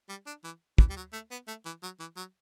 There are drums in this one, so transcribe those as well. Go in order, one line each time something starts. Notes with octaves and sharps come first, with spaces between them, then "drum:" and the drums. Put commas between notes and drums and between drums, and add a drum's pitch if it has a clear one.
G3
D4
E3
E3, drum: kick
G3
F#3
A3
B3
A3
E3
F#3
E3
F#3